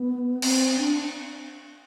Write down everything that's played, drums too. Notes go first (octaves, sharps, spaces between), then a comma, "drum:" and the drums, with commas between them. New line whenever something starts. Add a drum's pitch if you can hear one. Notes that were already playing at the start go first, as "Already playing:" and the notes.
Already playing: B3
C4, drum: cymbal
D4